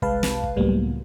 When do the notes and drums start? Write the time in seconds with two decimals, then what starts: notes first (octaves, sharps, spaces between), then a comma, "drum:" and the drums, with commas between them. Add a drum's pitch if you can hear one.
0.02 C2 G#3 B4 F5 A5, drum: kick
0.23 drum: snare
0.44 drum: kick
0.56 C#2 A2 F#3 G3 A#3 B3